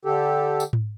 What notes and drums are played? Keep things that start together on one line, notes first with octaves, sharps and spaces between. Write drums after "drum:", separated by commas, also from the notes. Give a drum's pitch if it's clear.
D3 G4 A4
drum: tambourine
drum: tom G#2